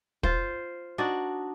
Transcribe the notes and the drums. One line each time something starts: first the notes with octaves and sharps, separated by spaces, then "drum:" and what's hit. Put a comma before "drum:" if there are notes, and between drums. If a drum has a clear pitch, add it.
F4 C5, drum: kick
D4 D#4 F#4 D5